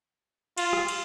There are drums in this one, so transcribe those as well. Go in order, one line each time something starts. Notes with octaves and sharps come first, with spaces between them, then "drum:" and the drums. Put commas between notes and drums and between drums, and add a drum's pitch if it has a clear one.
F4, drum: cymbal
drum: rim click
drum: cymbal